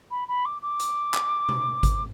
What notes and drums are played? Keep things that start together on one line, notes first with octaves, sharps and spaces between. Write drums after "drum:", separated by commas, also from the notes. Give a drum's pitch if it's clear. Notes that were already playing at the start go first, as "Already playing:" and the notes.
B5
B5
D6
D6
drum: hi-hat
drum: clap
drum: tom B2
drum: kick G#1, hi-hat